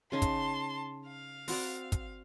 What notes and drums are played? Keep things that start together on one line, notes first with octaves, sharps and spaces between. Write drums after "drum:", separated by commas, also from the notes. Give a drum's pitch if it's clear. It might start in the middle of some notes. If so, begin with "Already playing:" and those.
C#3 C#4 D#4 A5 C6
drum: kick, hi-hat
F5
C4 F#4 D5, drum: open hi-hat
drum: kick, hi-hat